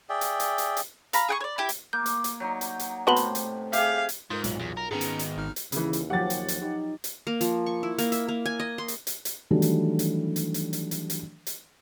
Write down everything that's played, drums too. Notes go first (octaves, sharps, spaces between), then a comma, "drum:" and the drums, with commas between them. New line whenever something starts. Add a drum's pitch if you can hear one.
G#4 D5 E5 G5
drum: hi-hat
drum: hi-hat
drum: hi-hat
drum: hi-hat
F5 A#5 B5, drum: hi-hat
G#4 G5 C#6
C#5 D5
E4 G4
drum: hi-hat
A#3 G6
drum: hi-hat
drum: hi-hat
F#3 D#4
drum: hi-hat
drum: hi-hat
A2 C3 B3 F#4 B4 A5 C6 F#7
drum: hi-hat
drum: hi-hat
G4 G#4 E5 F5, drum: hi-hat
drum: hi-hat
G#2 F4 A#4 C6 D#6 G6
B1 A#2 F4 F#7, drum: hi-hat
E2
A#4
G#2 D#3 B3 C#4 G#4 A#5 C#7
drum: hi-hat
drum: hi-hat
G#1 D#4 F6
drum: hi-hat
D#2 C#3 E3, drum: hi-hat
drum: hi-hat
F3 F#3 G4 F#5 A6
drum: hi-hat
drum: hi-hat
D#4 G4
drum: hi-hat
A#3
F3, drum: hi-hat
C#6
E4
A#3, drum: hi-hat
E5, drum: hi-hat
A#3
G#5
D#5
C6
drum: hi-hat
drum: hi-hat
drum: hi-hat
D#3 E3 F#3 G3 A3 D4
drum: hi-hat
drum: hi-hat
drum: hi-hat
drum: hi-hat
drum: hi-hat
drum: hi-hat
drum: hi-hat
drum: hi-hat